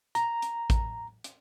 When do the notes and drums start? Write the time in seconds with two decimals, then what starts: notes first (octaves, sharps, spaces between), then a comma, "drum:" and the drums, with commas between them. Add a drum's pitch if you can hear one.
0.15 A#5, drum: hi-hat
0.42 drum: hi-hat
0.70 drum: kick A1, hi-hat
1.24 drum: hi-hat